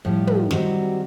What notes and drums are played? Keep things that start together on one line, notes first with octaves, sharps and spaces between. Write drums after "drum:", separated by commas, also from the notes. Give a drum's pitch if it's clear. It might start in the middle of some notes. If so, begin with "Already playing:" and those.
A2 F3 G3, drum: kick
drum: tom
D#3 F#3 G3 C4 F#4, drum: snare